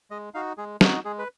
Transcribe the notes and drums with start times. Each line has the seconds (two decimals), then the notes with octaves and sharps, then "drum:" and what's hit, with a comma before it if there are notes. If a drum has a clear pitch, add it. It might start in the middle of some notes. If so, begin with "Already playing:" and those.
0.11 G#3 D#5
0.34 D#4 F#4 F5
0.57 G#3 G#4
0.81 D#4 F#4 A#4, drum: snare
1.05 G#3 G#4
1.19 B4